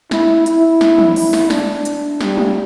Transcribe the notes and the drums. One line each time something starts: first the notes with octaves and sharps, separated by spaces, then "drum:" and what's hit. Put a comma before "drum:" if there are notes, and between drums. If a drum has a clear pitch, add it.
E4, drum: snare
E4, drum: hi-hat
drum: snare
drum: tom
E4, drum: open hi-hat
drum: snare
D4, drum: snare
drum: hi-hat
G3, drum: snare
drum: tom